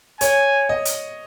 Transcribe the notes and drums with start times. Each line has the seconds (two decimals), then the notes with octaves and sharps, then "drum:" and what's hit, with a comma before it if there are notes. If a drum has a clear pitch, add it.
0.21 C#5 G#5, drum: hi-hat
0.69 D#5
0.85 drum: hi-hat